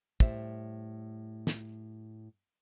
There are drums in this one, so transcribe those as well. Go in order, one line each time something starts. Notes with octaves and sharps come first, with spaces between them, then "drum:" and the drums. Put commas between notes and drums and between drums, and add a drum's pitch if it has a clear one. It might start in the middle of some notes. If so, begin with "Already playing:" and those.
A2 G3 C5 E5, drum: kick
drum: snare